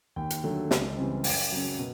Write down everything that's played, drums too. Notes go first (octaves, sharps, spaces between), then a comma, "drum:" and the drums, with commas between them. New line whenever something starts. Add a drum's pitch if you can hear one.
D#2 G5
drum: hi-hat
D3 F#3 A3
C#2, drum: snare
C#3 E3 G3 C4
F#2 G5, drum: open hi-hat
C#3 F#3
B2